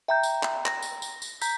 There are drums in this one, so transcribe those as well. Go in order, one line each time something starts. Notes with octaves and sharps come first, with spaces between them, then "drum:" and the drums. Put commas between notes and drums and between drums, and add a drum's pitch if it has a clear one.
E5 G5 A#5 G6
drum: tambourine
drum: clap
A#6, drum: clap
drum: tambourine
drum: tambourine
drum: tambourine
A#5 G6 B6, drum: tambourine